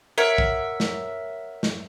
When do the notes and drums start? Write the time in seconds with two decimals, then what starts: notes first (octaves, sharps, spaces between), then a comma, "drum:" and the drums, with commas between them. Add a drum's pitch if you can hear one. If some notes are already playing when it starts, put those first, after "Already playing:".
0.18 A#4 C#5 E5 F#5
0.38 drum: kick B1
0.80 drum: snare
1.63 drum: snare